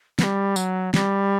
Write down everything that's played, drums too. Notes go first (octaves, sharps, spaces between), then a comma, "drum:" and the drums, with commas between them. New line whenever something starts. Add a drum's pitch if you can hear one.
B3, drum: snare
G3
F#3, drum: tambourine
G3, drum: snare